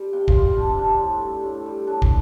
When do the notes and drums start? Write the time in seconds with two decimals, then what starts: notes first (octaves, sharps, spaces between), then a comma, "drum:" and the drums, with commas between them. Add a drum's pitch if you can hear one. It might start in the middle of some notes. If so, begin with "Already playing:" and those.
Already playing: G3
0.13 C3 G5
0.28 F4, drum: kick
0.35 G3
0.57 C3 D4
0.68 C4
0.78 G3 D4
1.01 A2
1.22 G3
1.44 A2
1.66 G3
1.87 A2 D4
2.02 drum: kick